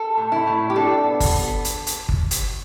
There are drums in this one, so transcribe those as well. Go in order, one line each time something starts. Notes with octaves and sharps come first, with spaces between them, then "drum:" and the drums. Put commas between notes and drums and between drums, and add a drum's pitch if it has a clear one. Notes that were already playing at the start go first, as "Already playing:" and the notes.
Already playing: A4
A2
E4
A2
G4
D4 A4
B3
drum: kick G1, open hi-hat
B3
drum: hi-hat
drum: hi-hat
drum: kick G1
drum: hi-hat